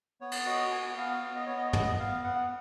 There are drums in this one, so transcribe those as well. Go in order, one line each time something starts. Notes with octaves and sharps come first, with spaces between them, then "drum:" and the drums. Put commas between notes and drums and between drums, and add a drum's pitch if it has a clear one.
B3 C#5
drum: cymbal
F#4 D#5
B3 G#5
B3 F5
B3
D#5
B3 C#5
D#5
B3 D#5, drum: tom
B3 F5
B3 F#5